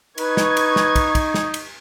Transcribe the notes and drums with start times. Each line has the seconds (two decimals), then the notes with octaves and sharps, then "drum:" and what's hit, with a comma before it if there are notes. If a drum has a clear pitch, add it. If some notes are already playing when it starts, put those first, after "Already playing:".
0.18 D#4 B4 C#6 G#6, drum: cymbal
0.37 drum: snare
0.57 drum: cymbal
0.76 drum: snare
0.96 drum: kick, cymbal
1.15 drum: kick, cymbal
1.34 drum: snare
1.54 drum: cymbal